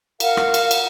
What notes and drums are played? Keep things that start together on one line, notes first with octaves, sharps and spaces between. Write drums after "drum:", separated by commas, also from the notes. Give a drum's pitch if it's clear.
A#4 F5 F#5, drum: cymbal
drum: rim click
drum: cymbal
drum: cymbal